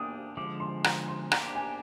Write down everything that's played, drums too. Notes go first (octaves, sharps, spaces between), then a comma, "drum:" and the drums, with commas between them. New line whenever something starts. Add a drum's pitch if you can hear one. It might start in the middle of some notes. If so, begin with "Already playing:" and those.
Already playing: A#3 D4 G4 D#6
D3 F3 G#3 D6
C6
A#5, drum: rim click
C6
A#3 D4 G4 C5 A#5, drum: rim click
G#5